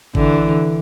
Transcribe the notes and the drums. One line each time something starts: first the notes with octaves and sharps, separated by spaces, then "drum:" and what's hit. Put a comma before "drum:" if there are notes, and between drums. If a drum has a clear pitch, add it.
D3 E3, drum: kick G#1